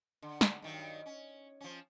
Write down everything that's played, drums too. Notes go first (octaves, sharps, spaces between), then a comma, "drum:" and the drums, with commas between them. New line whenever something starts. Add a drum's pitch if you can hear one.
D3
drum: snare
G2 D#3 F#3
C#4
F3 C#4